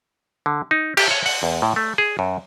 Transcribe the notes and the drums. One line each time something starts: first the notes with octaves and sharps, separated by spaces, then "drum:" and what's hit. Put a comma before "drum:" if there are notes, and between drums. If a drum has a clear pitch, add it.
D3
D#4
G4, drum: cymbal
C#5
F#5, drum: open hi-hat
E2
A2
A3
G#4
F#2